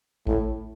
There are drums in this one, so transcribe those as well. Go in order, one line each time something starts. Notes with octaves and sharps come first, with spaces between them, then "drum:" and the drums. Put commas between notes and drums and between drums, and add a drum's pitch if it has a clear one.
A2, drum: kick A1